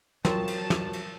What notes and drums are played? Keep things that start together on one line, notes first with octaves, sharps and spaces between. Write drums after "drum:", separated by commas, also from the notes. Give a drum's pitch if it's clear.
F3 F#3 C4 A#4 C#5 A5 C#6, drum: snare
drum: cymbal
drum: snare
drum: cymbal